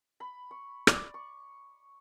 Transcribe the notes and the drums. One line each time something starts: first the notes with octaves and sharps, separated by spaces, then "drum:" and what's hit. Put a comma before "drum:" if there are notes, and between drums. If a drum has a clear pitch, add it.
B5
C#6
D5, drum: rim click
C#6